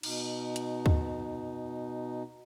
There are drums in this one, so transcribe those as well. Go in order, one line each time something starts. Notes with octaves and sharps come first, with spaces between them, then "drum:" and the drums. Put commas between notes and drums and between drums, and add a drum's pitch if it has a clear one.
B2 D#4, drum: cymbal
drum: hi-hat
drum: kick D2